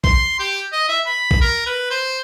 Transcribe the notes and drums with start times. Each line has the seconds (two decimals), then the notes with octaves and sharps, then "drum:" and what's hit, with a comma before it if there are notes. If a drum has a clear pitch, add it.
0.04 C6, drum: kick
0.40 G4
0.73 D#5
0.89 E5
1.06 B5
1.31 drum: kick
1.41 A#4
1.67 B4
1.91 C5